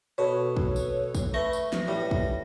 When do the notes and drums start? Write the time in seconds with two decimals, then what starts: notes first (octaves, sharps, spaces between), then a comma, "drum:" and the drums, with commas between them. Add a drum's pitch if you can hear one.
0.18 B2 A4 B4 C#5
0.57 drum: kick
0.76 drum: tambourine
1.15 drum: kick, tambourine
1.34 A3 B4 C#6 A#6
1.53 drum: tambourine
1.73 drum: snare
1.88 A2 G3
2.11 drum: kick